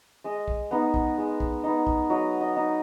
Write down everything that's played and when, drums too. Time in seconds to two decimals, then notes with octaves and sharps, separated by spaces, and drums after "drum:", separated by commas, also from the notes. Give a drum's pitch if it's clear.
0.24 G#3 D#5
0.48 drum: kick
0.71 B3 D#4
0.94 drum: kick
1.18 G#3
1.40 drum: kick
1.64 B3 D#4
1.87 drum: kick
2.10 F#3 D#5
2.41 D#5
2.57 D#4